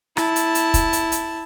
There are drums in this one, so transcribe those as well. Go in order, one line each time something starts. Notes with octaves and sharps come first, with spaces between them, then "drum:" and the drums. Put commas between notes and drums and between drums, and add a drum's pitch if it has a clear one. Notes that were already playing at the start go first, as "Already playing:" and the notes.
E4 A5, drum: rim click
drum: hi-hat
drum: hi-hat
drum: kick, hi-hat
drum: hi-hat
drum: hi-hat